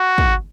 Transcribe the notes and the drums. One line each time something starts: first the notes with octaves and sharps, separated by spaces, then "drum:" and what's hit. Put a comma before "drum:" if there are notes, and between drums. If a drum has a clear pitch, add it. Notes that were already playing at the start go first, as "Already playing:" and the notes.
Already playing: F#4
drum: kick